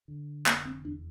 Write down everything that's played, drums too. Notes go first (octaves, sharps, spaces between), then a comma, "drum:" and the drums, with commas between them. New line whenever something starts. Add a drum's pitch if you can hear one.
D3
F1 A#3, drum: clap
C4
E2 D4